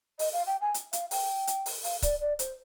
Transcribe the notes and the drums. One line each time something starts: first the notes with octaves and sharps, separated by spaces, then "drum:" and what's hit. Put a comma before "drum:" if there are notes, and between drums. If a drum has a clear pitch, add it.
D#5, drum: open hi-hat
F5
G5
G#5
drum: hi-hat
F5, drum: hi-hat
G5, drum: open hi-hat
drum: hi-hat
drum: open hi-hat
F5, drum: open hi-hat
D5, drum: kick C#1, hi-hat
D5
C5, drum: hi-hat